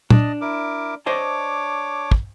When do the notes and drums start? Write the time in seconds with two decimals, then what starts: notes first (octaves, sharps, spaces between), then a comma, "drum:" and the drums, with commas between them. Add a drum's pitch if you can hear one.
0.10 D4 D#5 A5, drum: tom
0.41 E4 A#4 D6
1.06 D4 C5 C#5 D#5 A5 D6
2.11 drum: kick